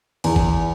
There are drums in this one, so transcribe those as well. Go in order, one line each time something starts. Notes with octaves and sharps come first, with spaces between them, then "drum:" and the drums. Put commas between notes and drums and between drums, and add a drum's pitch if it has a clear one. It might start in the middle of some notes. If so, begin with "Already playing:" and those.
E2, drum: cymbal
drum: kick G1